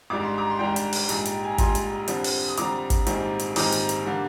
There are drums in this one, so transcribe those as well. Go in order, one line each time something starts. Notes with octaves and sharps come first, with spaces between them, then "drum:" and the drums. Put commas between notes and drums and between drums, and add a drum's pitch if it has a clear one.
G#1 G#2 G3 D4 D6
C6
A#5 D6
C6
G#1 G#2 G3 D4 G5 A#5
drum: hi-hat
drum: open hi-hat
A#1 G#2 G3, drum: hi-hat
drum: hi-hat
G#5
A#5
A#1 G#2 G3 G#5 C6, drum: kick, hi-hat
drum: hi-hat
F2 D3 G3 C4, drum: hi-hat
drum: open hi-hat
D#6
F2 D3 G3 C4 A#5 D6, drum: hi-hat
drum: kick, hi-hat
A#1 G#2 D#3 G3 C4, drum: hi-hat
drum: hi-hat
A#1 G#2 D#3 G3 C4 A#5 D6, drum: open hi-hat
drum: hi-hat
drum: hi-hat
D3 G3 A#3